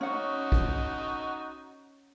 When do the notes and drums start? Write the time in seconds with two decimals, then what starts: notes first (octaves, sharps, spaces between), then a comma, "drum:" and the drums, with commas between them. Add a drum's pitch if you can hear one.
0.01 C#4 D#4 F#4 F#5
0.52 drum: kick